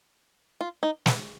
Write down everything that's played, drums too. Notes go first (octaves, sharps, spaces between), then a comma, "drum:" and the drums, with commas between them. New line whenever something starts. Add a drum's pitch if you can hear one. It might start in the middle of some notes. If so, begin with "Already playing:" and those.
F4
D#4
B3, drum: snare